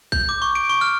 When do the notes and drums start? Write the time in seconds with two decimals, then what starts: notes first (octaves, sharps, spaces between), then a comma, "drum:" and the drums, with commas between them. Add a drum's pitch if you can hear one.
0.12 G6, drum: kick A#1
0.29 D6
0.42 C#6
0.55 D7
0.69 C#6
0.81 F6